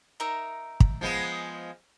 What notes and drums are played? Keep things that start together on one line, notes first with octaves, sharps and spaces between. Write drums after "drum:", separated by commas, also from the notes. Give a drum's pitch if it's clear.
D#4 A#4 E5
drum: kick
F3 G#3 B3